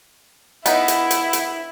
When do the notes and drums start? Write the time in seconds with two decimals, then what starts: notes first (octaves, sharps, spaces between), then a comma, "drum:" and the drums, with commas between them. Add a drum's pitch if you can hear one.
0.66 B3 D#4 E4, drum: hi-hat
0.88 drum: hi-hat
1.11 drum: hi-hat
1.33 drum: hi-hat